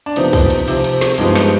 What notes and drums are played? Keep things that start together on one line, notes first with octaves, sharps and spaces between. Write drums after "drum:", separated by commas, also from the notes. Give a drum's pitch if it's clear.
D4
C3 F3 B3 D#4, drum: cymbal
drum: kick, cymbal
drum: cymbal
C3 F3 C4, drum: cymbal
drum: cymbal
drum: snare
G2 F3 G#3 B3 D#4 G4, drum: cymbal
drum: snare